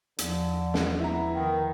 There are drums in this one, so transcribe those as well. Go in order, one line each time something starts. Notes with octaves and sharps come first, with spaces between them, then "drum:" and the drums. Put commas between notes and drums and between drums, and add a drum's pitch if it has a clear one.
E2 D3 F3, drum: hi-hat
drum: snare
B3 E4 A#5
D#3